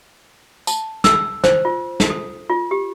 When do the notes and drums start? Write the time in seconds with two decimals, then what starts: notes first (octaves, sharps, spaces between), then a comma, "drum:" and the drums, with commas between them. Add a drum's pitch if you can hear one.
0.67 A5, drum: tambourine
1.04 E6, drum: snare
1.44 C5, drum: snare
1.65 F4
2.00 drum: snare
2.10 A4
2.49 F4
2.71 G4